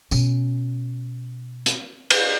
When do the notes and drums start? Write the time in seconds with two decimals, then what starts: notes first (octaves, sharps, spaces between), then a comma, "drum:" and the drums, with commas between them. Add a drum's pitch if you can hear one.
0.11 B2 C#4, drum: tambourine
1.66 drum: hi-hat
2.10 drum: cymbal